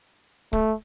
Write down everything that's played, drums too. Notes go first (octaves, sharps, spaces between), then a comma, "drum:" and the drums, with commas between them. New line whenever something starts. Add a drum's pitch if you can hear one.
A3, drum: kick